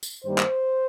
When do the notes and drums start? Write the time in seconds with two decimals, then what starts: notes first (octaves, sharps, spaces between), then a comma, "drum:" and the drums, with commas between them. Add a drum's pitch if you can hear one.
0.03 drum: tambourine
0.24 G2 D#3 G3 A#3 C5
0.38 drum: clap